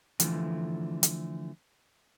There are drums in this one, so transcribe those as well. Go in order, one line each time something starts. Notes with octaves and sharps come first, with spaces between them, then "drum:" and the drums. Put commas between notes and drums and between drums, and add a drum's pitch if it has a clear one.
D3 E3 F3 A3, drum: hi-hat
drum: hi-hat